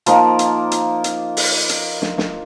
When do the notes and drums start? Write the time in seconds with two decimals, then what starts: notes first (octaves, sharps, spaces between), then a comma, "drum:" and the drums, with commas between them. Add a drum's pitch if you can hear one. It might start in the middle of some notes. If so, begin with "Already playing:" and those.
0.06 F3 A#3 D#4, drum: hi-hat
0.39 drum: hi-hat
0.71 drum: hi-hat
1.04 drum: hi-hat
1.37 drum: open hi-hat
1.69 drum: hi-hat
2.02 drum: snare
2.18 drum: snare